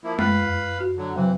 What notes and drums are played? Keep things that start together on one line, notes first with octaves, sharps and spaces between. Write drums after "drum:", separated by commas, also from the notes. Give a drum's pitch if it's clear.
F3 A#3 E4
F#2 B4 F5 B5, drum: tom G#3
F2
F#4
D3 F#3
C#3 E3 F#3 C4